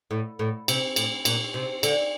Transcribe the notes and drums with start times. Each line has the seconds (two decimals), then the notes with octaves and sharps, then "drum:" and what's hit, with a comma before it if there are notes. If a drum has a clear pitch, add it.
0.11 A2
0.39 A2
0.68 C3, drum: cymbal
0.96 A2, drum: cymbal
1.25 A#2, drum: cymbal
1.54 C3
1.83 D3, drum: cymbal